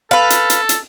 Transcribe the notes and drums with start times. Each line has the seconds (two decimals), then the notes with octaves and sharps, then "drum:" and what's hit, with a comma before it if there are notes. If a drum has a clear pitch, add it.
0.11 A4 B4 F5
0.30 drum: hi-hat
0.50 drum: hi-hat
0.69 drum: hi-hat